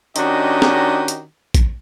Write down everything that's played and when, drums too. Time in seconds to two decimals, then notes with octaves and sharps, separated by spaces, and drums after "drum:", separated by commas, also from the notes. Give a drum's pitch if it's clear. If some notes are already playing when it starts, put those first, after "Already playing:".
0.16 D#3 C#4 D4 F#4 G4 D#5, drum: hi-hat
0.62 drum: snare
1.08 drum: hi-hat
1.55 drum: kick, hi-hat